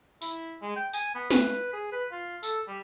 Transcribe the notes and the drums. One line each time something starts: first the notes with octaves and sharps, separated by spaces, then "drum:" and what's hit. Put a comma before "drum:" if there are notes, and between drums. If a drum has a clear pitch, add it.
E4, drum: tambourine
G#3
G5
G#5, drum: tambourine
B3
B4, drum: snare
G#4
B4
F4
A4, drum: tambourine
G3